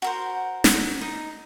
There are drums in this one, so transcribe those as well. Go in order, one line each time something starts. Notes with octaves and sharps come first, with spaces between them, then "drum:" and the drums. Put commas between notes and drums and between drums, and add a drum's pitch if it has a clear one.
F#4 A#4 C5
drum: snare
D#4